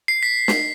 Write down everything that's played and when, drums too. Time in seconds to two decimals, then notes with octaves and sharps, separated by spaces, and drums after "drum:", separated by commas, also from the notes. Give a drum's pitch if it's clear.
0.08 C7
0.23 B6
0.48 drum: snare